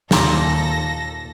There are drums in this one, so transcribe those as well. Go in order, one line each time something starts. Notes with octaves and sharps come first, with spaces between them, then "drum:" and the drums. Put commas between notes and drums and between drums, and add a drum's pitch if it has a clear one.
D#2 A#2 E4 A4 D5 A#6, drum: snare